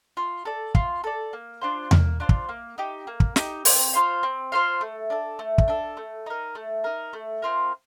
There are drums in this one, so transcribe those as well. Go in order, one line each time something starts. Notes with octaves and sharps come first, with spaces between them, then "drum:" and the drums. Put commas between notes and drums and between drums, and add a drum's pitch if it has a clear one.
F4
A4 D5
F4, drum: kick
A4 D5
A#3
D4 F4 C5
A#3, drum: tom E2
D4 F4 C5
drum: kick
A#3
D#4 G4
A#3
drum: kick
D#4 G4, drum: snare
C4, drum: open hi-hat
F4 C5 F5
C4
F4 C5 F5
A3
D4 A4
A3
drum: kick
D4 A4
A3
D#4 A#4
A3
D#4 A#4
A3
C4 F4 A#4